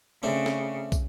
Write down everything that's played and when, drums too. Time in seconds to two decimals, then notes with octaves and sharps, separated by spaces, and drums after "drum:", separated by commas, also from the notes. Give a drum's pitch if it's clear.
0.23 C#3 A3 C4 D4
0.46 drum: snare
0.92 drum: kick, tambourine